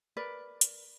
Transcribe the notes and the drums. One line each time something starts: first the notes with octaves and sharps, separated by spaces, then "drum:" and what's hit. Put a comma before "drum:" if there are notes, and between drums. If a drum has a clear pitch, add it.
A#4 B4 D5
drum: hi-hat